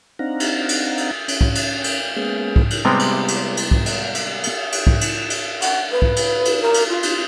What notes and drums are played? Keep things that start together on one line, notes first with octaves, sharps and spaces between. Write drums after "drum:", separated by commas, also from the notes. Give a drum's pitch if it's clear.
C4 D4 D#4 F5 F#5 A#5
drum: cymbal
drum: cymbal
drum: cymbal
C#4, drum: cymbal
drum: kick
drum: cymbal
drum: cymbal
G#3 A#3 B3 C#4 G#4
drum: kick
drum: cymbal
C3 G3 G#3 B3 C4
drum: cymbal
drum: cymbal
drum: cymbal
drum: kick
drum: cymbal
drum: cymbal
drum: cymbal
drum: cymbal
drum: kick
drum: cymbal
drum: cymbal
F#5, drum: cymbal
B4
drum: kick
drum: cymbal
drum: cymbal
A#4
drum: cymbal
F4
drum: cymbal